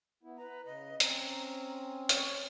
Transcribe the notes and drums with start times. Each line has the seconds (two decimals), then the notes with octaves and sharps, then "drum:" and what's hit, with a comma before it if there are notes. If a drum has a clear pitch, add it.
0.23 B3 E4
0.38 B4 A#5
0.66 C#3 D#5
1.00 C4 C#4 A#5, drum: hi-hat
2.09 C#5, drum: hi-hat